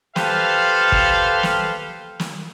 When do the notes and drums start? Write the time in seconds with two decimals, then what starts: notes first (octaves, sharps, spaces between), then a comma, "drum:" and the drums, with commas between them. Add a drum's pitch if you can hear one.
0.16 G4 A4 B4 C5 F5, drum: snare
0.92 drum: kick
1.43 drum: snare
2.20 drum: snare